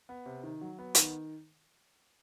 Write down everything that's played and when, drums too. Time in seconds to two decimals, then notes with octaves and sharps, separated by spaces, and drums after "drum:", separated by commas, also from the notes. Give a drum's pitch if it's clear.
0.09 B3
0.26 C3
0.43 D#3
0.61 F#3
0.79 B3
0.95 D#3, drum: hi-hat